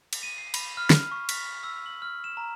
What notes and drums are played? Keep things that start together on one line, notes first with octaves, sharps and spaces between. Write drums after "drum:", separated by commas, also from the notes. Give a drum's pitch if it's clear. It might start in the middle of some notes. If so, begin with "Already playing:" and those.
drum: cymbal
D#7
C7
B5, drum: cymbal
F6
drum: snare
C#6
B6, drum: cymbal
E6
F#7
F6
E7
A#5